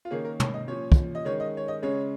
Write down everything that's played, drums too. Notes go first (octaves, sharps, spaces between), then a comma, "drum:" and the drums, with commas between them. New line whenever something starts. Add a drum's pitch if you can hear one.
F4
D#3 A#3 C#4 G#4
A#4
C#5, drum: tom
D#5
A#2 F3 C#4 C#5
drum: kick
D#5
D#3 G#3 C#4 C#5
D#5
C#5
D#5
C#3 G#3 C#4 C#5